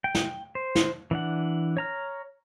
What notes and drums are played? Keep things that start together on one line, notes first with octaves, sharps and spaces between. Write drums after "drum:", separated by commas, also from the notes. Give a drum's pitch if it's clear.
G5
drum: snare
C5
drum: snare
E3 D4 F#5
C#5 A#5 F6